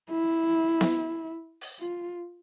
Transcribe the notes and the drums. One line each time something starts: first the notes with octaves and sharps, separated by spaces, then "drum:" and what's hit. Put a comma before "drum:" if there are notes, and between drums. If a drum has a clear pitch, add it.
E4
drum: snare B3
drum: open hi-hat
F4